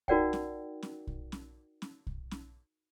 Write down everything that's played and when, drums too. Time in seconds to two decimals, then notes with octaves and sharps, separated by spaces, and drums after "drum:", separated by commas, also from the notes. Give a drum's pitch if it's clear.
0.08 D#4 F#4 A#4 D5 F#5 G5, drum: kick
0.33 drum: snare C#4
0.83 drum: snare C#4
1.07 drum: kick
1.32 drum: snare C#4
1.82 drum: snare C#4
2.07 drum: kick
2.31 drum: snare C#4